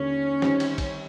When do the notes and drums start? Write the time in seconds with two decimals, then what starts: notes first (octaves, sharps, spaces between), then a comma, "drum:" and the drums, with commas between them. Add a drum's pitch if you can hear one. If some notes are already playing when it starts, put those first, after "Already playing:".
Already playing: D#2 D3 A#3 C#4
0.42 D#3 G3 C4, drum: snare
0.60 drum: cymbal
0.78 drum: kick, cymbal